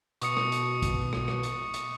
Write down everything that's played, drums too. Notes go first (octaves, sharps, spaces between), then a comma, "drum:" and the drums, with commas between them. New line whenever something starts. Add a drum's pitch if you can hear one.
B2 C#6 D#6 C#7, drum: hi-hat
drum: rim click
drum: hi-hat
drum: kick, hi-hat
drum: rim click
drum: rim click
drum: hi-hat
drum: hi-hat